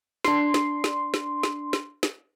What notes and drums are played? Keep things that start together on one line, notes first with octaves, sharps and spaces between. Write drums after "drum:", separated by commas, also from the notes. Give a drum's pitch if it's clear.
D4 C6, drum: snare
drum: snare
drum: snare
drum: snare
drum: snare
drum: snare
drum: snare